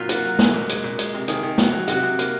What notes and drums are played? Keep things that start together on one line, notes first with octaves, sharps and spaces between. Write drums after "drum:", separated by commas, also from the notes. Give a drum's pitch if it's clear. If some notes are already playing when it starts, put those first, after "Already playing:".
Already playing: A#2 F#3 F4
A#3 F#4, drum: hi-hat
F#3
G#3, drum: snare
A#2
G#3, drum: hi-hat
A#2
G#3, drum: hi-hat
C3
D#3 G#4, drum: hi-hat
D#3
F#3, drum: snare
F#3
C3 F#4, drum: hi-hat
C3
A#3, drum: hi-hat